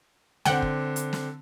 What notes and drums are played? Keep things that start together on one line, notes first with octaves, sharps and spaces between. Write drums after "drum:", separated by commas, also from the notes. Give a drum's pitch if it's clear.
D3 C4 F#5 G5, drum: snare
drum: kick
drum: hi-hat
drum: snare